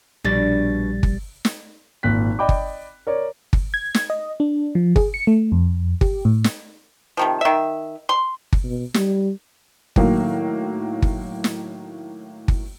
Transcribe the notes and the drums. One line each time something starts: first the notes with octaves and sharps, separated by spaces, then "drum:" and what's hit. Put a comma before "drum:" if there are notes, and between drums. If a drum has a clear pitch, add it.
A#1 B2 G3 D4 A6
drum: kick G1
drum: snare
G#1 A#2 F#6 B6
D5 D#5 G5 B5 D6
drum: kick G1
A#4 C#5 D5
drum: kick G1
G#6
drum: snare
D#5
D4
F3
G#4, drum: kick G1
C#7
A3
F2
G4, drum: kick G1
A2
drum: snare
C3 D#3 F3
D#3 E5
C6
drum: kick G1
B2
G3, drum: snare
A2 D#3 F#3 A#3, drum: kick G1
drum: kick G1
drum: snare
drum: kick G1